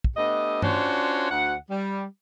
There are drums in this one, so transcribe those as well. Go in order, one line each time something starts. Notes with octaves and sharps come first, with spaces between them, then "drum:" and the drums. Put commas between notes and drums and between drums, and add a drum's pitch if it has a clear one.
drum: kick
A3 B3 D4 G4 D#5
C#4 D4 F4 F#4 C5 C#5, drum: tom G2
D2 F#5
G3